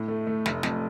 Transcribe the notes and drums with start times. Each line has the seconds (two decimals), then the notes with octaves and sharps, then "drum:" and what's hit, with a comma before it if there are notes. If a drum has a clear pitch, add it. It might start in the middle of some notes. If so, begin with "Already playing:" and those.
Already playing: A2
0.08 A3
0.27 A3
0.46 F1, drum: snare
0.63 F2, drum: snare